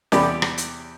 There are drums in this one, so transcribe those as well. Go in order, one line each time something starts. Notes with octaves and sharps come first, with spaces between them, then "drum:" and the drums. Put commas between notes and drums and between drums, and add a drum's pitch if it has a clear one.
E2 C3 G4 D5 B5, drum: snare
drum: rim click
drum: hi-hat